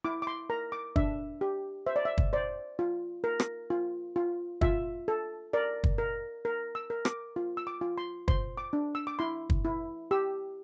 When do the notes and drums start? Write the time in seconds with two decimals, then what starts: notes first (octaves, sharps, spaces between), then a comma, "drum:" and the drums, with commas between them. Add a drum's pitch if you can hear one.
0.04 E4 D6
0.22 D6
0.27 C6
0.50 A#4 A#5
0.72 D6
0.96 D4 E5, drum: kick
1.41 G4
1.86 C5 E5
1.96 D5
2.05 E5
2.18 drum: kick
2.33 C5 D5
2.79 F4
3.24 A#4
3.40 drum: rim click
3.70 F4
4.16 F4
4.61 F4 E5, drum: kick
5.08 A4
5.53 A#4 D5
5.84 drum: kick
5.98 A#4
6.45 A#4
6.75 E6
6.90 A#4
7.05 D6, drum: rim click
7.36 F4
7.57 E6
7.67 D6
7.81 F4
7.98 C6
8.28 C5 C6, drum: kick
8.57 D6
8.73 D4
8.95 E6
9.07 D6
9.19 E4 C6
9.50 drum: kick
9.65 E4
10.11 G4 E6